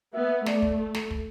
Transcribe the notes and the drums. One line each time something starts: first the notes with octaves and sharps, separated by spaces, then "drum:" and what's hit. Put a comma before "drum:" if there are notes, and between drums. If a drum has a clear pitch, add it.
B3 E5
A3 D5, drum: snare
drum: kick
drum: snare
drum: kick